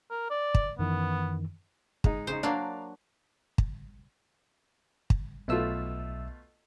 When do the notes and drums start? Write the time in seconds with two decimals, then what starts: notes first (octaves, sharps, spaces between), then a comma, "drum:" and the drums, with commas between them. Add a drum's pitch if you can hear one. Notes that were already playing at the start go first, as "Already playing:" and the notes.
0.11 A#4
0.30 D5
0.55 drum: kick
0.79 F#2 D#3 E3 B3
2.04 G#3 D#4, drum: kick
2.27 C#3 D#4 C5
2.43 F#3 A#3 D4 D5 F5
3.58 drum: kick
5.10 drum: kick
5.48 B1 B2 A3 F4 E5 E6